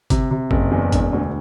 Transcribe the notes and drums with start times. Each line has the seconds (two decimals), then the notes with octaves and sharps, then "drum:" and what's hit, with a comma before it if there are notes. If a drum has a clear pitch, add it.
0.10 C3, drum: kick G1, hi-hat
0.31 C3
0.51 F#1, drum: kick G1
0.71 E2
0.92 E1, drum: kick G1, hi-hat
1.13 D2